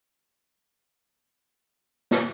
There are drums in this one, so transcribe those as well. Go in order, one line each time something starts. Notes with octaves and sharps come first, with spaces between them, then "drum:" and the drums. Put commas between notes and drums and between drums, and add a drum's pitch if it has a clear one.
F#2 C#3 G3 B3
F#2 C#3 G3 B3
D3 G3 B3 A6
drum: snare